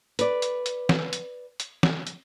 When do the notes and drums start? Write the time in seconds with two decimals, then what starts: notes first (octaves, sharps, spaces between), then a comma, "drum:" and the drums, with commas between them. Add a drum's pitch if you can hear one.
0.19 B4 D5, drum: hi-hat
0.42 drum: hi-hat
0.66 drum: hi-hat
0.89 drum: snare
1.13 drum: hi-hat
1.60 drum: hi-hat
1.83 drum: snare
2.07 drum: hi-hat